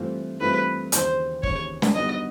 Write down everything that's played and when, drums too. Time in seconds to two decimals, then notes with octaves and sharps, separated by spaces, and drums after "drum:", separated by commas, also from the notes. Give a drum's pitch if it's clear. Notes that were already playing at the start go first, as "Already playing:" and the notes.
Already playing: G2 E3 A3 C4 F4
0.41 G2 E3 A3 C4 F4 B4
0.92 D#2 C#3 E3 C5, drum: hi-hat
1.43 D#2 C#3 E3 C#5, drum: kick
1.82 drum: snare
1.95 G2 D3 F#3 B3 D#4 D#5